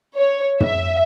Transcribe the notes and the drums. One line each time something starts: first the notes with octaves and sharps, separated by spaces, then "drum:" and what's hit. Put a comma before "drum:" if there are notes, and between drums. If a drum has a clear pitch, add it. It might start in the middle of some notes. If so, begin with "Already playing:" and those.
C#5
E5, drum: tom